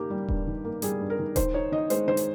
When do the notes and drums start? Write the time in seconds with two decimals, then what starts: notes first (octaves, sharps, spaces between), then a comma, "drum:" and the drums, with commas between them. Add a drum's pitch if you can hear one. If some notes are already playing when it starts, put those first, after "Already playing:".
Already playing: D#3 A#3 G4
0.10 G3
0.28 G2, drum: kick D#1
0.47 D#3
0.64 A#3
0.82 G3 G#4, drum: hi-hat
1.00 G2
1.10 A#4
1.19 D#3
1.36 D#3 C5, drum: kick D#1, hi-hat
1.54 D#4 C#5
1.72 D#3 D#5
1.90 G#3 C5, drum: hi-hat
2.08 D#3 C5
2.17 drum: hi-hat